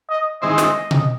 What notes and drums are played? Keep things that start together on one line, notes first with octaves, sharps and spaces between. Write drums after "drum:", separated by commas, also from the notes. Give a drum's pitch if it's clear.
D#5
D#3 G#3 C4 E4 C5 D#5
drum: snare
drum: tom B2